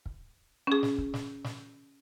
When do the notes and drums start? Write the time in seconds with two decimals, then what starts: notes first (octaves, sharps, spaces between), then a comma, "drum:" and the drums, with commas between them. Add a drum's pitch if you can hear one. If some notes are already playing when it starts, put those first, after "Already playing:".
0.06 drum: kick
0.67 C#4 G#4
0.83 drum: snare
0.98 drum: kick
1.14 drum: snare
1.44 drum: snare